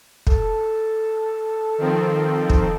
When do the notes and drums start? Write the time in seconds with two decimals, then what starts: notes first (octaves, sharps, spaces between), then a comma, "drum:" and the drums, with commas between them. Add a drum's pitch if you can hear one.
0.27 A4, drum: kick
1.78 D#3 F3 C4
2.50 drum: kick